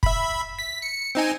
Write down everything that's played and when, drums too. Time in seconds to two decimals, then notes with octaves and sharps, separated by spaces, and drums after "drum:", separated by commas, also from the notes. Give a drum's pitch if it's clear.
0.03 E5 B5, drum: kick
0.59 B6
0.82 C#7
1.15 C4 D#4 G#5